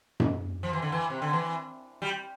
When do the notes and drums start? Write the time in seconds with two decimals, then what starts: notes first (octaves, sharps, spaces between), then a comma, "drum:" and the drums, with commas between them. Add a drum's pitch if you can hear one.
0.20 drum: tom F#2
0.63 F3
0.73 E3
0.82 D3
0.92 E3
1.10 C3
1.22 D3
1.33 E3
2.02 G3